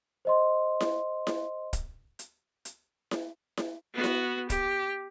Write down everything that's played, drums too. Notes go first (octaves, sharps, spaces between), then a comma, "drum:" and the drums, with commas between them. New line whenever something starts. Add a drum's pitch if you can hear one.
C5 D#5 C6
drum: snare E4
drum: snare E4
drum: kick, hi-hat
drum: hi-hat
drum: hi-hat
drum: snare E4
drum: snare E4
B3 F#4
drum: snare E4
G4, drum: kick, hi-hat